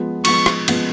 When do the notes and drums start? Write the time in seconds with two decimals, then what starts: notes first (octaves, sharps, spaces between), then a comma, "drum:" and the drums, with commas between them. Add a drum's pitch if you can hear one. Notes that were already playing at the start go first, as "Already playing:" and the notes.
Already playing: F3 G#3 B3
0.25 F3 G#3 B3 C#6, drum: cymbal
0.46 drum: rim click
0.68 F3 G#3 B3, drum: cymbal